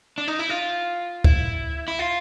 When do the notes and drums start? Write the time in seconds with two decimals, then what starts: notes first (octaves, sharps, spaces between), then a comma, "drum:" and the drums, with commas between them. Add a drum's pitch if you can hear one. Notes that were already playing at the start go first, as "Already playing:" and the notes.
0.18 D4
0.28 D#4
0.39 E4
0.50 F4
1.24 E4, drum: kick C#2
1.88 E4
1.99 F4